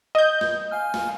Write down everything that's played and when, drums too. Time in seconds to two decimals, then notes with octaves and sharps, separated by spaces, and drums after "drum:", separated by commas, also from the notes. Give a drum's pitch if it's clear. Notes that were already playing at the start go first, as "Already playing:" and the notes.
0.15 D#5 G6
0.41 drum: snare
0.71 F5 G#5 F6
0.94 drum: snare